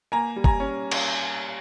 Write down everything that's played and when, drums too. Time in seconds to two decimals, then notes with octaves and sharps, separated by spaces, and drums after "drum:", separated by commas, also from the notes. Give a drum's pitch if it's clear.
0.12 A#3 G#5 A#5
0.36 G3
0.44 G#5 A#5, drum: kick
0.60 C#4
0.91 drum: cymbal